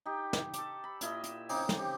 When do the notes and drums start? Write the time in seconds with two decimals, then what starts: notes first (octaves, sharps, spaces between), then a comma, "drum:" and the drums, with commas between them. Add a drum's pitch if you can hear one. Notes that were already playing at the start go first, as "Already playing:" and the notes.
0.06 D#4 G4
0.33 drum: snare
0.54 A4 D6, drum: hi-hat
0.84 B5
1.01 A#2 E4 D#5, drum: hi-hat
1.24 drum: hi-hat
1.49 C#3 C4 D#4 D6, drum: open hi-hat
1.69 drum: snare
1.79 G4